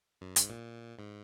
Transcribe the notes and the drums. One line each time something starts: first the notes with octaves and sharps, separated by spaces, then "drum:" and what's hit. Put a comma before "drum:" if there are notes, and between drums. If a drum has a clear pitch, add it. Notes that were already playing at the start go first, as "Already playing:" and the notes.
F#2
G#2, drum: hi-hat
A#2
G#2